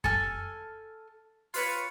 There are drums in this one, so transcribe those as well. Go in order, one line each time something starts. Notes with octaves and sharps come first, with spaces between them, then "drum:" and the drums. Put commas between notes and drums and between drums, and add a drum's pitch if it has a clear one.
A4 G#5 F6, drum: kick F#2
F4 B4 C#5, drum: open hi-hat